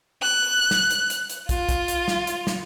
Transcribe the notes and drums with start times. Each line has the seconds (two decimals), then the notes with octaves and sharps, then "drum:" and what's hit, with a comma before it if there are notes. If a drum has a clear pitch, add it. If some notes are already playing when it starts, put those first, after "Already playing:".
0.22 F#6
0.71 drum: snare
0.91 drum: hi-hat
1.10 drum: hi-hat
1.30 drum: hi-hat
1.49 F4, drum: kick, hi-hat
1.69 drum: kick, hi-hat
1.88 drum: hi-hat
2.08 drum: snare
2.27 drum: hi-hat
2.47 drum: snare